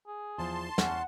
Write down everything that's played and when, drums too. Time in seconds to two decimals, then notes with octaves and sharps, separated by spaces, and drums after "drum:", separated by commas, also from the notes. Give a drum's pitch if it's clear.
0.07 G#4
0.38 E2 F3 A5 C6
0.78 E2 C#4 F#5, drum: snare